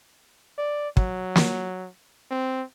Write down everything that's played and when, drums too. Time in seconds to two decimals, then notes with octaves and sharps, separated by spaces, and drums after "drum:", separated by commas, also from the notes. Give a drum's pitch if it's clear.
0.58 D5
0.97 F#3, drum: kick
1.36 drum: snare
2.31 C4